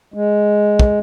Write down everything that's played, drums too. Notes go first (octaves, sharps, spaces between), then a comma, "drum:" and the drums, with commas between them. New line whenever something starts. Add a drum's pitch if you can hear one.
G#3
drum: kick